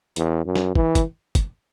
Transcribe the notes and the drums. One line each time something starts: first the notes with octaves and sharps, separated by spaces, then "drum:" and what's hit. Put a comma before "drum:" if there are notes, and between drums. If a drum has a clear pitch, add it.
E2, drum: hi-hat
F#2
drum: snare
E3, drum: kick
drum: kick, hi-hat
drum: kick, hi-hat